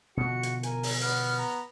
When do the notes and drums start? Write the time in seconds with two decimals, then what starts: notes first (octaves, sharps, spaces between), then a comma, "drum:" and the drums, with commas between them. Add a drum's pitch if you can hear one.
0.17 B2 D3 F3 F#4 C#7
0.43 drum: hi-hat
0.63 A#4 G#5, drum: hi-hat
0.83 drum: open hi-hat
1.01 B3 F6, drum: hi-hat
1.38 A#5